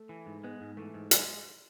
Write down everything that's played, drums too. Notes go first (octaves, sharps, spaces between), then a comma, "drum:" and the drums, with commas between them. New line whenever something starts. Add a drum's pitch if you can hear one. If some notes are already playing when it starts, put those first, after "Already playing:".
Already playing: A3
E3
G#2
G#3 B3
G#2
E3 A3
G#2
F#3 G#3, drum: hi-hat